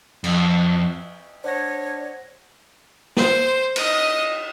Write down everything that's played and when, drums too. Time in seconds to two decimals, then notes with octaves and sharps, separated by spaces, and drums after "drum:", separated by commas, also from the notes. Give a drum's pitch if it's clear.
0.24 F2, drum: cymbal
1.44 D4 C5 C#5 F#5 A#6
3.17 C5, drum: snare
3.76 D#5, drum: cymbal